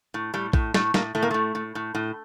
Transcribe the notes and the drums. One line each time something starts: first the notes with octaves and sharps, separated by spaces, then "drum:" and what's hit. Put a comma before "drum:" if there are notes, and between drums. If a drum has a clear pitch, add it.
A2
A2 G3
A2, drum: kick
A2 A3, drum: snare
A2 A#3, drum: snare
A2 A3
A#3
A2 A3
A2
A2
A2